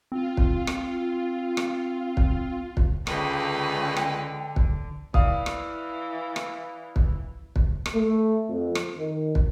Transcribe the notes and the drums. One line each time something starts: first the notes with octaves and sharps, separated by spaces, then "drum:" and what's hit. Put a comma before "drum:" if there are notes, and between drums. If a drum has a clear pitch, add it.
C4 F4
drum: kick
drum: rim click
drum: rim click
drum: kick
drum: kick
C#2 D3 B4 D#5 G5, drum: rim click
drum: rim click
drum: kick
E3 D5 F5 D#6, drum: kick
drum: rim click
drum: rim click
drum: kick
drum: kick
drum: rim click
A3
F2
drum: rim click
D#3
drum: kick